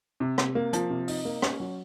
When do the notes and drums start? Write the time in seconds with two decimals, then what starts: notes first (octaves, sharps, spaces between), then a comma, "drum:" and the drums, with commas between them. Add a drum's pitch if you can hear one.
0.20 C3
0.38 C3, drum: rim click
0.55 A#3
0.73 F3, drum: hi-hat
0.90 C3
1.08 D#4, drum: open hi-hat
1.25 A#3
1.42 C#4, drum: rim click
1.60 F#3